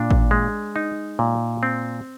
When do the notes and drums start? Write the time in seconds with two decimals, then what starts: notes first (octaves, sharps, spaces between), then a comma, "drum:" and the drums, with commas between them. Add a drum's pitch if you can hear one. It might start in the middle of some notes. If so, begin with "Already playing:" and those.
Already playing: A#2 D4
0.10 drum: kick A1
0.31 G#3
0.76 D#4
1.19 A#2
1.63 C4